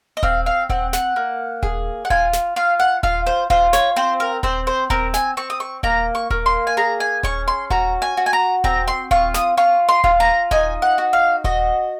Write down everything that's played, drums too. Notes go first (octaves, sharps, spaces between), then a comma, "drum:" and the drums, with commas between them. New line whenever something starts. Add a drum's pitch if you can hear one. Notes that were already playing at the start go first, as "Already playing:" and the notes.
D#5
C4 F5, drum: kick D#1
F5
C4 F#5, drum: kick D#1
F#5, drum: snare
A#3
G#4, drum: kick D#1
F#5
F4 G#5, drum: kick D#1
drum: snare
F4 F5
F#5
F4 F5, drum: kick D#1
C5
F4 C5, drum: kick D#1
C#5, drum: snare
C4 C5
A#4
C4 C5, drum: kick D#1
C5
C4 A#4, drum: kick D#1
G#5, drum: snare
C4 C#6
D#6
C#6
A#3 A#5, drum: kick D#1
C#6
A#3, drum: kick D#1
C6
G#5
G#4 A#5
G#5
C#4 C#6, drum: kick D#1
C6
F#4 A#5, drum: kick D#1
G#5
F#4
G#5
A#5
C4 A#5, drum: kick D#1
C6
F4 C#6, drum: kick D#1
D#6, drum: snare
F4 C#6
C6
F4, drum: kick D#1
A#5
D#4 G#5, drum: kick D#1
F#5
F#4
F5
F#4 D#5, drum: kick D#1